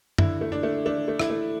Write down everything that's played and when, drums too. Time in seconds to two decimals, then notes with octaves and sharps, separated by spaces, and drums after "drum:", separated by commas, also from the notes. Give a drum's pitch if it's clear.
0.18 D3 E4, drum: tom
0.41 A3
0.52 D4
0.63 A3
0.86 A3 D4
1.08 A3
1.19 E4, drum: rim click
1.30 A3